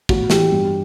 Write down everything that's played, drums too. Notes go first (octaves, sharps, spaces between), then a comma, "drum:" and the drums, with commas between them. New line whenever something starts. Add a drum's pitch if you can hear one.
A2 F#4, drum: kick
E3 G4, drum: snare
G2